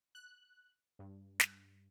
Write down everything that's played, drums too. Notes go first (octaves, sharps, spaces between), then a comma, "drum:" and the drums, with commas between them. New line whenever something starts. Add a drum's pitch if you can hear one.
F#6
G2
drum: snare